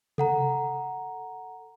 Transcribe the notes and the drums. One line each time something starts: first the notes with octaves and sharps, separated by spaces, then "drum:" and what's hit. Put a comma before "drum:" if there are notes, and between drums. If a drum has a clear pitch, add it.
A4 F#5 A#5, drum: tom C3